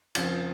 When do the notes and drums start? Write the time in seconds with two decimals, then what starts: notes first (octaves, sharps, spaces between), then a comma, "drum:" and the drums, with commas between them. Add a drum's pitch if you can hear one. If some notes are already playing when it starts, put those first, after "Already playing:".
0.15 F2 C#3 F3 C4, drum: cymbal